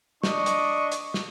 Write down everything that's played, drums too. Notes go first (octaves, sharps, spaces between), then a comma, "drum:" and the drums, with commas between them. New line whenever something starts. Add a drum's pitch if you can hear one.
D4 D#5 C#6, drum: snare
drum: hi-hat
drum: hi-hat
drum: snare